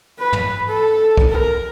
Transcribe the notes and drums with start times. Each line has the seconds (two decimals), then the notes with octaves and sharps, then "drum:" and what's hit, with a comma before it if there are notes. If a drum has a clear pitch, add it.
0.19 B4
0.33 drum: tom
0.68 A4
1.17 drum: kick
1.30 A#4